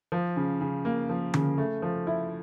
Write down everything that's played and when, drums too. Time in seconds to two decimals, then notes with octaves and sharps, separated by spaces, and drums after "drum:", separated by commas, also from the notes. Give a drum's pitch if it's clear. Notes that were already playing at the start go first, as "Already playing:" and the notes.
0.12 F3
0.36 C#3
0.61 C#3
0.85 A#3
1.09 F3
1.34 C#3, drum: tom D3
1.58 A3
1.82 F3
2.07 E4